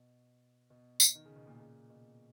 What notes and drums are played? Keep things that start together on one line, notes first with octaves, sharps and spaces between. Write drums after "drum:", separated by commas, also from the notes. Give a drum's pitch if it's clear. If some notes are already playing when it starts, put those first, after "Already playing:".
Already playing: B2
B2
drum: tambourine
D#3
C#3
B2
A#2 C#3
A#2 C#3
B2